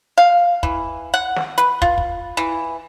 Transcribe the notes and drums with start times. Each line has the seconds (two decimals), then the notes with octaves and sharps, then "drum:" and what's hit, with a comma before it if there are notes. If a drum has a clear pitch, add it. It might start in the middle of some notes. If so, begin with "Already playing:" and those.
0.18 F5
0.63 E3, drum: kick
1.14 F#5
1.36 drum: snare
1.58 B4, drum: hi-hat
1.82 F4, drum: kick
1.98 drum: kick
2.37 E3